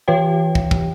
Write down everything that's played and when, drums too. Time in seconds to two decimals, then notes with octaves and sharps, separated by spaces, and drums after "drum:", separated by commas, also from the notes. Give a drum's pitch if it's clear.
0.08 E3 G4 B4 C#5 G5
0.55 drum: kick
0.71 drum: kick